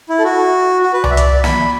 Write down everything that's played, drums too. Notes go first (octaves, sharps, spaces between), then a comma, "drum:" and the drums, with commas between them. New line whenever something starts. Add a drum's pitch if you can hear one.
E4
A4
F#4
F#4
B4
D5, drum: tom C2
E5
D5, drum: hi-hat
B5, drum: snare